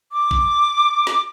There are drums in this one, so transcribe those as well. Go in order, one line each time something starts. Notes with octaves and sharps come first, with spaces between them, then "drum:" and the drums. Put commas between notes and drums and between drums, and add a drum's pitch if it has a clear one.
D6
drum: kick A1
drum: snare